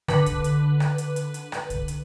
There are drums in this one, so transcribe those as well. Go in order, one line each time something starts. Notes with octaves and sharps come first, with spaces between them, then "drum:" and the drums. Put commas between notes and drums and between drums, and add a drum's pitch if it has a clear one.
D3 B4, drum: rim click
drum: kick, hi-hat
drum: hi-hat
drum: rim click
drum: hi-hat
drum: hi-hat
drum: hi-hat
drum: rim click
drum: kick, hi-hat
drum: hi-hat